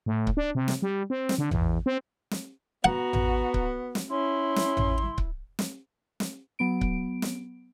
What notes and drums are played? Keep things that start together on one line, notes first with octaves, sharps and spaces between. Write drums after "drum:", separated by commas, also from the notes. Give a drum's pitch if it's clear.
A2
drum: kick C#1
D4
C3
drum: snare
G3
C4
drum: snare
D3
E2, drum: tom A1
C4
drum: snare
B3 F#4 F#5 A#5
drum: tom A1
drum: kick C#1
drum: snare
C#4 E4 C6
drum: snare
drum: tom A1
drum: kick C#1
drum: snare
drum: snare
F#3 B3 D7
drum: kick C#1
drum: snare